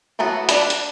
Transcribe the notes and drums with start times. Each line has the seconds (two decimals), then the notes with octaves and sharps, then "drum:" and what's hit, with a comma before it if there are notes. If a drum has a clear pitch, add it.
0.19 E3 F#3 A3 B3 F#4
0.49 D4 B5, drum: hi-hat
0.70 drum: hi-hat